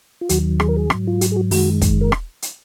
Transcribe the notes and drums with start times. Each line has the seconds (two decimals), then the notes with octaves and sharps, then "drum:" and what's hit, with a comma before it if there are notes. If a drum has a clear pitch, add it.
0.21 F4
0.29 D#2 D#3 F#3 F#4, drum: hi-hat
0.60 G#4, drum: rim click
0.69 A#4
0.76 G#4
0.90 G#2 F#3, drum: rim click
1.07 F4
1.21 F#4, drum: hi-hat
1.32 G#4
1.36 F#4
1.51 F#2 D#3 G#3 F#4, drum: open hi-hat
1.82 drum: kick, hi-hat
2.01 A#4
2.12 drum: rim click
2.42 drum: hi-hat